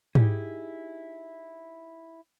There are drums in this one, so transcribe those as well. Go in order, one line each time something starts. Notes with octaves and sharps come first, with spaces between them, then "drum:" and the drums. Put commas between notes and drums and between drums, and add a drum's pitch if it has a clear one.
D#4 E4 G4 G#4, drum: tom G#2